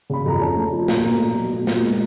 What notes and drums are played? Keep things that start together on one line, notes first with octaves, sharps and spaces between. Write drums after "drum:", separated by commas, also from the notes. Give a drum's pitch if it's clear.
C#3 B5
F2 A#5
C#4 A5
A3
F3
A#2, drum: snare
B2 A#5
A3
F#3
B2
A#2, drum: snare
G#3